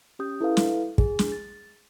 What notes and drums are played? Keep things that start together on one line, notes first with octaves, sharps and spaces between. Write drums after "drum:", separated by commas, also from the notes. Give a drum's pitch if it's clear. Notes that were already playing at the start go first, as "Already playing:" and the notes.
C#4 G4 D#6 G6
E4 A4 B4 F5
drum: snare
G#4, drum: kick
drum: snare
A6